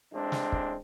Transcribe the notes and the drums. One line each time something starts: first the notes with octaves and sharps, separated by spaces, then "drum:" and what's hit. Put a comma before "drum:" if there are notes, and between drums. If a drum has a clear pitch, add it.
A1 G#3 C4 D4
drum: snare
drum: kick